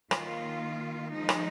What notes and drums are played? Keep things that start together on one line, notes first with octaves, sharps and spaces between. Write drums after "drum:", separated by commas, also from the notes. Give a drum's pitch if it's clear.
D#3 A#3 F4, drum: rim click
F3 G#3 D#4
drum: rim click